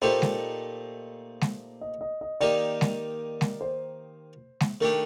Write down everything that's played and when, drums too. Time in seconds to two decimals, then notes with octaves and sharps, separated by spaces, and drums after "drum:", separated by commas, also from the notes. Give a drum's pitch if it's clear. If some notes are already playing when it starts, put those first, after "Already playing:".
0.02 A#2 A3 D#4 G4 C5
0.22 drum: snare G#3
1.41 drum: snare G#3
1.81 D#5
2.01 D#5
2.21 D#5
2.41 D#3 A#3 D#4 G4 D5
2.81 drum: snare G#3
3.41 drum: snare G#3
3.61 C5
4.60 drum: snare G#3
4.81 D#3 A3 D4 G4 A#4